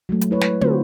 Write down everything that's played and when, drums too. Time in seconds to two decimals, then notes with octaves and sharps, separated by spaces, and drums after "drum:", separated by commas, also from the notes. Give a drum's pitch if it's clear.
0.09 F#3 G#3 A3
0.21 drum: hi-hat
0.31 E4 B4 C#5
0.41 drum: snare
0.61 D3 A3 C4 F4 F#4 C5, drum: tom